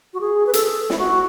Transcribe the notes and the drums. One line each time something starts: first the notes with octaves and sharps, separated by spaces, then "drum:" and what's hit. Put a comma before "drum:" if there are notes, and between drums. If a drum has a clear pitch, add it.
F#4
G#4
B4
A4, drum: hi-hat
E4, drum: snare
F#4